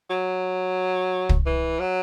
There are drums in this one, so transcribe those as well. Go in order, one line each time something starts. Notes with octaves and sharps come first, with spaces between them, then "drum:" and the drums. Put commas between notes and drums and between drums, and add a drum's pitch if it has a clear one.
F#3
drum: kick
E3
F#3